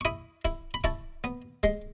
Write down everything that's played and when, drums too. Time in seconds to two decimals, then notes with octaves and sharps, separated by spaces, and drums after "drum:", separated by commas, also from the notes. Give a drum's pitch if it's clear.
0.01 C#6
0.05 E4 B5 D#6
0.45 E4, drum: kick C#1
0.74 B5
0.84 E4 A5 C#6, drum: kick C#1
1.24 B3
1.63 G#3, drum: kick C#1